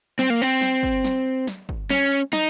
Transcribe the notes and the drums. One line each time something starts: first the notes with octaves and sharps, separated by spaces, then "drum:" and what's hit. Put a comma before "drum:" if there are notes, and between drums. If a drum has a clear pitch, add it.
C4, drum: snare
A#3
C4
drum: snare
drum: kick
drum: snare
drum: snare
drum: kick
C#4, drum: snare
D#4, drum: snare